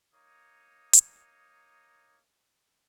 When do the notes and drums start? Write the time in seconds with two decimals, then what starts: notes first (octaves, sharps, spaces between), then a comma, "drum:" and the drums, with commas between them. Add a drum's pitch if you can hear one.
0.14 A#3 D#4 C#5 D#6
0.93 drum: hi-hat